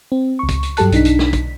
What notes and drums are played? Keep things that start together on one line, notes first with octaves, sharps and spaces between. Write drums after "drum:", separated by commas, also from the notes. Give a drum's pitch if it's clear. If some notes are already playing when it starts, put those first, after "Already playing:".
C4
C#2 C#6
drum: kick, hi-hat
drum: hi-hat
G2 F#3 G4 A4 A5 F#6, drum: hi-hat
B1 D4 D#4 B6, drum: hi-hat
drum: hi-hat
drum: snare
drum: kick, hi-hat